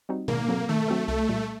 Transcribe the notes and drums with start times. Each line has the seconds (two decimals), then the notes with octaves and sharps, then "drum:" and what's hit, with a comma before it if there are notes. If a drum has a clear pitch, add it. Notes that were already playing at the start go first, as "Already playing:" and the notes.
0.09 G3 C4 D#4 F#4
0.28 D#3 A#3, drum: tom B2
0.48 F#3 C4 F#4 A4
0.69 D#3 A3
0.88 F#3 C4 F#4 A4
1.08 C2 A3
1.29 A#2 G3